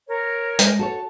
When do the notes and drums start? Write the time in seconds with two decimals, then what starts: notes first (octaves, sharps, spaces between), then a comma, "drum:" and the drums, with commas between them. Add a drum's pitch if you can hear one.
0.08 A#4 C#5
0.59 G#3, drum: hi-hat
0.79 F#4 A4 C#5 A5